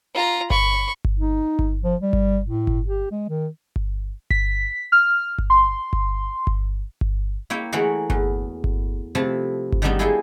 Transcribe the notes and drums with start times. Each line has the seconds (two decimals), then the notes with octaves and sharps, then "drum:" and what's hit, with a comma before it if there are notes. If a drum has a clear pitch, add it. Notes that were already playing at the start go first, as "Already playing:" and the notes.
0.15 F4 A#5
0.50 B5 C#6, drum: kick G1
1.05 drum: kick G1
1.19 D#4
1.59 drum: kick G1
1.83 F3
2.01 G3
2.13 drum: kick G1
2.46 A2
2.67 drum: kick G1
2.87 G4
3.11 G#3
3.29 D#3
3.76 drum: kick G1
4.30 B6, drum: kick G1
4.92 F6
5.38 drum: kick G1
5.50 C6
5.93 drum: kick G1
6.47 drum: kick G1
7.01 drum: kick G1
7.50 A#3 E4 C#5 G5
7.72 E3 A3 F#4 G#4 A#4 C#5
8.10 E2, drum: kick G1
8.64 drum: kick G1
9.15 C3 F3 A3 E4 A5
9.72 drum: kick G1
9.82 D#3 G3 A3 B3 D4 D#4
9.99 G#3 E4 F4 A4 G5 G#5